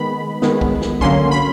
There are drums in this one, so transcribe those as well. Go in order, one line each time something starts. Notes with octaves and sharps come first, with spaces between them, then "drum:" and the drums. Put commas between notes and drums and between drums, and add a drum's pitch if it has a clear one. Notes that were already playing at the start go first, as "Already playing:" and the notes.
Already playing: D#3 G#3 B3 B5
D#3 G#3 B3, drum: snare
drum: kick
drum: snare
D3 F#3 A#3 C#4 C6, drum: kick
B5